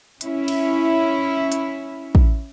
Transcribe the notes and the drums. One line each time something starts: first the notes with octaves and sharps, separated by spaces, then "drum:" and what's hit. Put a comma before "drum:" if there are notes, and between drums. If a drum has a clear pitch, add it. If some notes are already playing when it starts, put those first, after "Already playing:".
C#4 E4, drum: hi-hat
drum: cymbal
drum: hi-hat
drum: kick